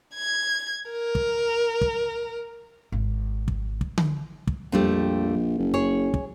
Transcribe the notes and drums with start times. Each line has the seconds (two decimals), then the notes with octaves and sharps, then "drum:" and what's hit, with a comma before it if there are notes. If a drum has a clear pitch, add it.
0.15 G#6
0.90 A#4
1.15 drum: kick
1.81 drum: kick
2.92 G#1
3.48 drum: kick
3.81 drum: kick
3.98 drum: tom D3
4.47 drum: kick
4.72 A#1 F2 G3 A3
5.58 F#1
5.74 G#4 C#5
6.14 drum: kick